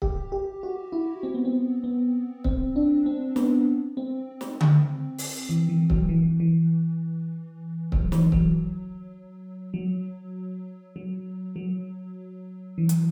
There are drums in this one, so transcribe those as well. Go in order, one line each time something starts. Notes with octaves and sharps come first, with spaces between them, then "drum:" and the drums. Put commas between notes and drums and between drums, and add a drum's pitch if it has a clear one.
G4, drum: kick C#1
G4
F#4
E4
C4
B3
C4
B3
C4, drum: kick C#1
D4
C4
B3, drum: snare
C4
drum: snare
drum: tom D3
drum: open hi-hat
E3
E3
F#3, drum: kick C#1
E3
E3
F#3, drum: kick C#1
E3, drum: snare
F#3, drum: kick C#1
F#3
F#3
F#3
E3
drum: hi-hat